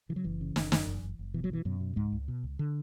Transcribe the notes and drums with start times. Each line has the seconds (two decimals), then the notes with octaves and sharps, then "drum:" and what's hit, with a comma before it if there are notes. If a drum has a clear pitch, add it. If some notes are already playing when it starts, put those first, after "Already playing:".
0.09 C#3 E3
0.16 F#3
0.24 F#1 E3
0.41 C#3
0.56 F#1, drum: snare
0.72 F#2, drum: snare
0.87 F#1
1.03 F#1
1.19 F#1
1.34 B2 E3
1.44 F#3
1.50 B2 E3
1.65 F#2 B2 F#3
1.80 B2
1.96 C#2 G#2 G#3
2.12 C#2
2.28 B2
2.44 C#2
2.59 D3